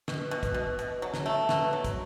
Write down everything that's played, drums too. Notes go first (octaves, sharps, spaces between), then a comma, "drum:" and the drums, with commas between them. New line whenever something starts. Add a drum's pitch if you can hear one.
B2, drum: snare
B2
drum: kick, hi-hat
B2
B2, drum: hi-hat
F#3
drum: snare
A3
B2, drum: snare
F#3
drum: kick, hi-hat